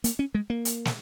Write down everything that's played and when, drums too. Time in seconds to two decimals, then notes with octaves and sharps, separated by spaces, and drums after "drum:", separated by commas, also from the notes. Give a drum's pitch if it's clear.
0.04 A#3, drum: hi-hat
0.19 C#4
0.35 G#3
0.50 A#3
0.65 drum: hi-hat
0.85 drum: snare